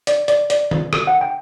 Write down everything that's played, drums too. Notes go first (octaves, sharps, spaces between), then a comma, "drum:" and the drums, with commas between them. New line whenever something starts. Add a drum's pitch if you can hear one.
D5, drum: hi-hat
D5, drum: hi-hat
D5, drum: hi-hat
drum: tom D#3
drum: rim click
F#5
G5